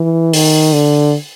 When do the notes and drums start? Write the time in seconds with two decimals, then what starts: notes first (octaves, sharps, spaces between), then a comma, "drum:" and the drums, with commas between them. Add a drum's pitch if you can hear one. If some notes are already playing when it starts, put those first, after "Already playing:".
Already playing: E3
0.33 D#3, drum: open hi-hat
0.73 D3